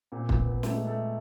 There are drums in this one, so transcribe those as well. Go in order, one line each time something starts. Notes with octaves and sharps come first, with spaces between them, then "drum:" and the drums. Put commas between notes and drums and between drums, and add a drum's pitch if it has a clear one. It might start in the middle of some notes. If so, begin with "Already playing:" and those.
A#2 C4
B3, drum: kick
B3
A3, drum: snare
G#3
A3